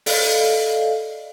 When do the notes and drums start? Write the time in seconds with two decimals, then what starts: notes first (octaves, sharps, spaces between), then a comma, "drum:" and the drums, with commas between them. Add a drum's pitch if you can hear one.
0.06 A4 D5 D#5 F5, drum: open hi-hat